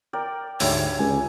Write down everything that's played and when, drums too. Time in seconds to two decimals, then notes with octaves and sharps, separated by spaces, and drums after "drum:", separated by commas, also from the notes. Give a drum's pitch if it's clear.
0.13 A#4 D5 G5
0.60 D2 G#2 G3 C#5 E5, drum: open hi-hat
0.99 C#2 G#5